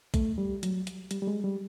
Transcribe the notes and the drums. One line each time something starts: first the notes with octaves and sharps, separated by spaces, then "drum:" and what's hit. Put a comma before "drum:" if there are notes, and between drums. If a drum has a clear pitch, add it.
A3, drum: kick A#1, hi-hat
G3
F#3, drum: hi-hat
drum: hi-hat
G3, drum: hi-hat
G3
G#3
G3